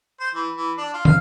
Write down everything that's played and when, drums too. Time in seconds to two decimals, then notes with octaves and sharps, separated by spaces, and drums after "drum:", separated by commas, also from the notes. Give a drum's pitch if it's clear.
0.20 C5
0.35 E3
0.55 E3
0.78 D4
0.93 F4
1.05 F5, drum: tom